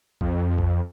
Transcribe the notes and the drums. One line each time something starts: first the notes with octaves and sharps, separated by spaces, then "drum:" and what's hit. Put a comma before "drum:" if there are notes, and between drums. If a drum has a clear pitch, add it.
F2, drum: kick
drum: kick